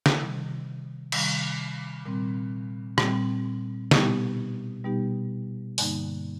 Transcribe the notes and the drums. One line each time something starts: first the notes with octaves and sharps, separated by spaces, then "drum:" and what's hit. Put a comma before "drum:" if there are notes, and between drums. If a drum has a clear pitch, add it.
drum: snare
C3 D#3 G3
C3 D#3 G3, drum: cymbal
A#2 G3 C4
A#2 G3 C4, drum: rim click
B2 G3 B3 D#4 G4, drum: snare
B2 G3 B3 D#4 G4
G2 D3 G3 A#3 D#4, drum: open hi-hat